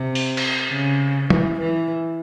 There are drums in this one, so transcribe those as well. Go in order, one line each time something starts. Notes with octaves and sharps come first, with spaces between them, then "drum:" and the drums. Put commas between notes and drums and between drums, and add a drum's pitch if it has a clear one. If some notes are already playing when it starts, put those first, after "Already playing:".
Already playing: C3
drum: open hi-hat
drum: cymbal
C#3
E3, drum: tom
E3